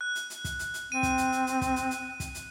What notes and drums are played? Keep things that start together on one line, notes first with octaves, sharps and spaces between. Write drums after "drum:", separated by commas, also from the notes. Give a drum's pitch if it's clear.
F#6
drum: hi-hat
drum: hi-hat
drum: kick, hi-hat
drum: hi-hat
drum: hi-hat
C4 D#7
drum: kick, hi-hat
drum: hi-hat
drum: hi-hat
drum: hi-hat
drum: kick, hi-hat
drum: hi-hat
drum: hi-hat
drum: kick, hi-hat
drum: hi-hat